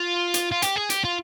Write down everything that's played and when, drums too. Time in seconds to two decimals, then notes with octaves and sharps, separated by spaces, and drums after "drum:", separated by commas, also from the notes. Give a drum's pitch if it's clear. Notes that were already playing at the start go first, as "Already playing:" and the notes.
Already playing: F4
0.34 drum: hi-hat
0.52 F4
0.62 G4, drum: hi-hat
0.76 G#4
0.90 G4, drum: hi-hat
1.04 F4